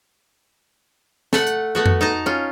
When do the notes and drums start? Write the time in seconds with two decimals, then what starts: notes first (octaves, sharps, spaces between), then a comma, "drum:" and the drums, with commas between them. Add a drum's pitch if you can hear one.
1.33 A3 F#5, drum: snare
1.47 drum: hi-hat
1.75 A3 B3 F#4
1.86 drum: tom F2
2.01 D#4 A5 A#5
2.26 C#4 F4